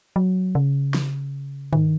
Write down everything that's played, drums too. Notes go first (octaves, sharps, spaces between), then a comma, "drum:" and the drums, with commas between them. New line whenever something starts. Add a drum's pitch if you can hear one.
F#3
C#3
drum: snare
D#3, drum: tom G2